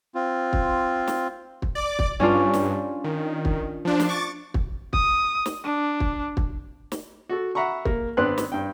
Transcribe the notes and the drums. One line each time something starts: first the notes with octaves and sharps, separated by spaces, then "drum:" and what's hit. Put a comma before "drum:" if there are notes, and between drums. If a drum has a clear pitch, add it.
C4 F4
drum: kick
drum: snare
drum: kick
D5 D6
drum: kick
G2 C#4 D4 F4
drum: snare
D#3
drum: kick
F3 D4
drum: snare
C#6 D6 A6
drum: kick
D#6, drum: kick
drum: snare
D4
drum: kick
drum: kick
drum: snare
F#4 A4
E5 F#5 A#5 B5 C#6
A#3, drum: kick
G#1 B3 C4 D4 C6 F#6
drum: snare
G2 G5